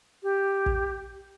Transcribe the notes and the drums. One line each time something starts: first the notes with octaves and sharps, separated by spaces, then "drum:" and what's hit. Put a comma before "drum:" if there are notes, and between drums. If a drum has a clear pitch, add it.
G4
drum: kick